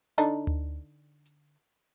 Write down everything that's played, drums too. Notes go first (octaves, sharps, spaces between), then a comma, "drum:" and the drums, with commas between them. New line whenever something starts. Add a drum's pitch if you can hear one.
D3 D4 D#4
drum: tom D2
drum: hi-hat